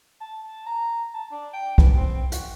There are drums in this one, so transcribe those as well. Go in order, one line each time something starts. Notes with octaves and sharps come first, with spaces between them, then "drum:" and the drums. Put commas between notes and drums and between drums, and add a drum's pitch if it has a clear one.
A5
A#5
A5
D4
G5
B3, drum: kick
C4
F#4, drum: hi-hat